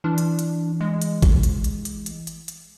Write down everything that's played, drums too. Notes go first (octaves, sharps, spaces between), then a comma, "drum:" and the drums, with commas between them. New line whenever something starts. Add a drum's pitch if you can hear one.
E3 D4
drum: hi-hat
drum: hi-hat
G#3
drum: hi-hat
drum: kick A1, hi-hat
drum: hi-hat
drum: hi-hat
drum: hi-hat
drum: hi-hat
drum: hi-hat
drum: hi-hat